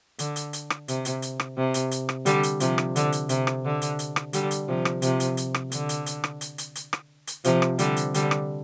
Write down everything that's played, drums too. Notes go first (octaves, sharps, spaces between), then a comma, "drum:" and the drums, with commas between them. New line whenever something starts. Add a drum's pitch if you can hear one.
D3, drum: hi-hat
drum: hi-hat
drum: hi-hat
drum: rim click
C3, drum: hi-hat
drum: hi-hat
drum: hi-hat
drum: rim click
C3
drum: hi-hat
drum: hi-hat
drum: rim click
D3 G3, drum: hi-hat
drum: hi-hat
C3 F3, drum: hi-hat
drum: rim click
D3, drum: hi-hat
drum: hi-hat
C3, drum: hi-hat
drum: rim click
D3
drum: hi-hat
drum: hi-hat
drum: rim click
D3 G3, drum: hi-hat
drum: hi-hat
C3 F3
drum: rim click
C3 F3, drum: hi-hat
drum: hi-hat
drum: hi-hat
drum: rim click
D3, drum: hi-hat
drum: hi-hat
drum: hi-hat
drum: rim click
drum: hi-hat
drum: hi-hat
drum: hi-hat
drum: rim click
drum: hi-hat
C3 F3, drum: hi-hat
drum: rim click
D3 G3, drum: hi-hat
drum: hi-hat
D3 G3, drum: hi-hat
drum: rim click